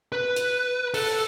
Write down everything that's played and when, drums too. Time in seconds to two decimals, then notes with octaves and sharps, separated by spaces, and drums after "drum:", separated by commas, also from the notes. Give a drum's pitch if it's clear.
0.12 B4
0.36 drum: hi-hat
0.94 A4, drum: open hi-hat